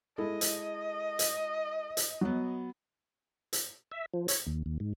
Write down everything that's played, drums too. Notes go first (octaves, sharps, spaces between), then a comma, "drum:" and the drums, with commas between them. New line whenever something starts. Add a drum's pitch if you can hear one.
G#3 E4 A4 D#5
drum: hi-hat
drum: hi-hat
drum: hi-hat
F#3 B3
drum: hi-hat
E5
F3
C#5, drum: hi-hat
D#2
D#2
G#2